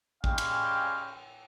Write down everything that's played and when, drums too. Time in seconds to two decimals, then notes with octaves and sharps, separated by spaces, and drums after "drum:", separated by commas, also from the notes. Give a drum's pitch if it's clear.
0.24 G3 G#3 C#4 F5 G5, drum: kick A1
0.38 drum: cymbal